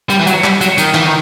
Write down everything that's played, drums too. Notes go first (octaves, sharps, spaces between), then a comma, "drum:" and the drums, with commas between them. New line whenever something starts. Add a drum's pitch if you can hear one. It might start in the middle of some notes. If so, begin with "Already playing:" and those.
G3, drum: hi-hat
E3
F#3, drum: hi-hat
G3, drum: clap
F#3, drum: hi-hat
D#3, drum: hi-hat
E3, drum: clap
D#3